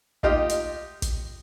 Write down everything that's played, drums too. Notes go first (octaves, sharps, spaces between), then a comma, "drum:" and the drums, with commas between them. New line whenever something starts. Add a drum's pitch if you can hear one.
D#4 F4 G4 D#5, drum: kick
drum: hi-hat
drum: kick, hi-hat